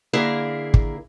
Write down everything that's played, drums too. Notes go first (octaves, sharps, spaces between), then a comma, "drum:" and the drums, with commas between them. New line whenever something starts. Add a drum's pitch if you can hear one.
D3 A#3 E4 G#4 A#4 F5
drum: kick